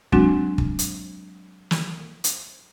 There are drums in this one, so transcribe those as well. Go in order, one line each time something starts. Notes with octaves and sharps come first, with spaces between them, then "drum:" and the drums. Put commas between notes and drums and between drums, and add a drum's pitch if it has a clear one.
F#3 G#3 C4 D4 F#4, drum: kick
drum: kick
drum: hi-hat
drum: snare
drum: hi-hat